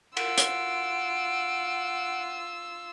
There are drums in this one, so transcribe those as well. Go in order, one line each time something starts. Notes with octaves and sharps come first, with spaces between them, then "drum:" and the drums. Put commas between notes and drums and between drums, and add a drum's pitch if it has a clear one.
F4 F#5 E6 D7, drum: cymbal
drum: hi-hat